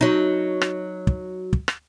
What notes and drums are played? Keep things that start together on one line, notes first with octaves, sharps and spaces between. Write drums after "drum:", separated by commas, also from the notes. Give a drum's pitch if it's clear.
F#3 D#4
drum: rim click
drum: kick
drum: kick
drum: rim click